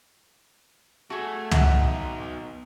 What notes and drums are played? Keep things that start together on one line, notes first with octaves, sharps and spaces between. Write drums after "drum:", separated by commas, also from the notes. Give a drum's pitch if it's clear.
A3 F#4 G#4
B2 D#4 E5 F#5, drum: tom